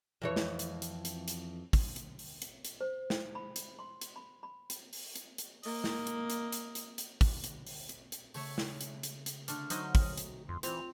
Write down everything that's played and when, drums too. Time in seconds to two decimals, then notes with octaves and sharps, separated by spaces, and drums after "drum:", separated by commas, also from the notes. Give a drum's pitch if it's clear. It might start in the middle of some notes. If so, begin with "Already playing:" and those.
0.22 F2 E3 C#5
0.36 drum: snare
0.59 drum: hi-hat
0.82 drum: hi-hat
1.05 drum: hi-hat
1.28 drum: hi-hat
1.73 drum: kick, open hi-hat
1.96 drum: hi-hat
2.19 drum: open hi-hat
2.42 drum: hi-hat
2.65 drum: hi-hat
2.81 C5
3.10 drum: snare
3.35 B5
3.56 drum: hi-hat
3.79 C6
4.01 drum: hi-hat
4.16 B5
4.43 B5
4.70 drum: hi-hat
4.93 drum: open hi-hat
5.16 drum: hi-hat
5.38 drum: hi-hat
5.63 A#3 D#5, drum: open hi-hat
5.84 drum: snare
6.07 drum: hi-hat
6.30 drum: hi-hat
6.52 drum: hi-hat
6.75 drum: hi-hat
6.98 drum: hi-hat
7.21 drum: kick, open hi-hat
7.44 drum: hi-hat
7.67 drum: open hi-hat
7.89 drum: hi-hat
8.12 drum: hi-hat
8.34 C#3 A3 C#5 E5, drum: open hi-hat
8.58 drum: snare
8.81 drum: hi-hat
9.03 drum: hi-hat
9.26 drum: hi-hat
9.48 D3 A3 D4 F6, drum: hi-hat
9.70 D3 F#3 D#4 C5 D#5, drum: hi-hat
9.95 drum: kick, open hi-hat
10.17 drum: hi-hat
10.49 F2 C6
10.63 E3 C4 F4 F7, drum: hi-hat